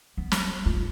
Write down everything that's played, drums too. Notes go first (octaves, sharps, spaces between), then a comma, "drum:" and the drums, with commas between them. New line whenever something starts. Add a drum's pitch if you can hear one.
B3
drum: snare
G#2 F4